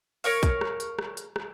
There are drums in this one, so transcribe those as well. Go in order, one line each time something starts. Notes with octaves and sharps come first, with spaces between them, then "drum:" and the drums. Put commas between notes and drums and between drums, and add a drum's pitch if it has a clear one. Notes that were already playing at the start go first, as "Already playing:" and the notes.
A#4 C#5 F5, drum: open hi-hat
drum: kick, hi-hat
drum: rim click
drum: hi-hat
drum: rim click
drum: hi-hat
drum: rim click